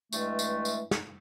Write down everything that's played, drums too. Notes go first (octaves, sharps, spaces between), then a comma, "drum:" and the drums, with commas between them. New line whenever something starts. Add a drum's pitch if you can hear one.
G2 E3 G#3 A3, drum: tambourine
drum: tambourine
drum: tambourine
drum: snare